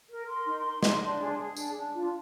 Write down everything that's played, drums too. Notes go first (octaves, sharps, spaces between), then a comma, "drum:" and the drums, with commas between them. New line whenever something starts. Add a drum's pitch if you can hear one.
A#4
A#4 C6
D#4
D#4
D#4, drum: snare
D4
G#4
G#4
D4, drum: tambourine
D4
F4